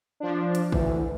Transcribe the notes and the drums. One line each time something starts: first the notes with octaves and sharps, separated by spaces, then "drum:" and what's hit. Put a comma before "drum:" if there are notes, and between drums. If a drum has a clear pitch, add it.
F3 D4
drum: hi-hat
D2 E3, drum: kick A1